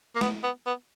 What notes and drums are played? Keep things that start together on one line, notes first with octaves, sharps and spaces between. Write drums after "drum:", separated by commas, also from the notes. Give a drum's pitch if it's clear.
A#3
B3, drum: snare
B3
B3